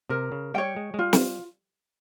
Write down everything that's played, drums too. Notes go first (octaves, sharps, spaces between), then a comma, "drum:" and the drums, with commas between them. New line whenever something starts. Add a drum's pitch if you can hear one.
C3 A#4
C#3
G3 C#5 G5
G#3
G#3
G3 F4
drum: snare